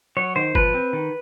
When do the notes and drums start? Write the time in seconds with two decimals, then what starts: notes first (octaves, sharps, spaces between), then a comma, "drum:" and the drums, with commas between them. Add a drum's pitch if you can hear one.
0.17 F#3 C#5
0.36 D#3 C5
0.55 F3 B4, drum: kick G1
0.74 C4
0.93 D#3